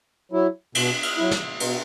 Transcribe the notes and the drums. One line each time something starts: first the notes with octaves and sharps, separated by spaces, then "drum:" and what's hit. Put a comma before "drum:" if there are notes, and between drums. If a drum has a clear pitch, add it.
F#3 E4
B2, drum: cymbal
drum: cymbal
F#3 E4
drum: snare
B2, drum: cymbal